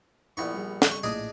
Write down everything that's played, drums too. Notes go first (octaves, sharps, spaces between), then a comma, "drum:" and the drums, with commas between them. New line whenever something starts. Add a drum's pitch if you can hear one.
A#1 B3 E4 D5 C#6
G3 G#4
drum: snare
C#6
A#1 A2 D4 G#4 D#5 D#6